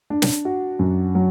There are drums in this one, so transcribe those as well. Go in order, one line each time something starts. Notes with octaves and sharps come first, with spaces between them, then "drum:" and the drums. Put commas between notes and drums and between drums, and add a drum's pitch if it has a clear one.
D4
drum: snare
F#4
F#2
F#3